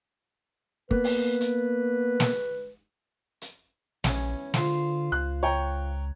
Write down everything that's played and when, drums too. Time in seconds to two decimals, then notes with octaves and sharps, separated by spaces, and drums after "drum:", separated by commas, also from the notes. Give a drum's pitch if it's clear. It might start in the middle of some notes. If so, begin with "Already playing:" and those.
0.91 A#3 B3 B4, drum: kick
1.04 drum: open hi-hat
1.41 drum: hi-hat
2.20 drum: snare
3.42 drum: hi-hat
4.04 A#1 E2 C#4, drum: snare
4.54 D3 F4 C5, drum: snare
5.12 C#2 F#6
5.43 C#5 G5 A#5